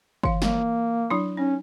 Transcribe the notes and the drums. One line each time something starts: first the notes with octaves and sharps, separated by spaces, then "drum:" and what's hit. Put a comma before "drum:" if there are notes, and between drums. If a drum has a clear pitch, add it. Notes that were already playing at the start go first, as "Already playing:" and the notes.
E3 F5, drum: kick
A#3, drum: snare
F#3 D4 E4
C#4 D#4